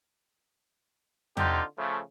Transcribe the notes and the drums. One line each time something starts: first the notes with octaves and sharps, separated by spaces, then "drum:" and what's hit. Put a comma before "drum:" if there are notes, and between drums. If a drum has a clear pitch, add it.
D3 C4 D#4 F4 G4, drum: tom E2
C#3 F3 A3